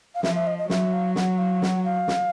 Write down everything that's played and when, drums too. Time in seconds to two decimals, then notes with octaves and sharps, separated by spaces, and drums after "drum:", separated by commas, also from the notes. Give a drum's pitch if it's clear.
0.15 F5
0.23 F3 E5, drum: snare
0.35 E5
0.47 D#5
0.58 D#5
0.70 F#3 E5, drum: snare
0.93 F5
1.16 F#5, drum: snare
1.38 F5
1.62 F#5, drum: snare
1.84 F5
2.08 drum: snare